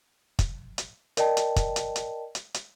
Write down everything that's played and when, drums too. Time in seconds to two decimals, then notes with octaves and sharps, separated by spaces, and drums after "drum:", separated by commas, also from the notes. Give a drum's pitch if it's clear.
0.39 drum: kick, hi-hat
0.78 drum: hi-hat
1.17 A#4 D5 D#5 G5 A5, drum: hi-hat
1.37 drum: hi-hat
1.56 drum: kick, hi-hat
1.76 drum: hi-hat
1.96 drum: hi-hat
2.35 drum: hi-hat
2.54 drum: hi-hat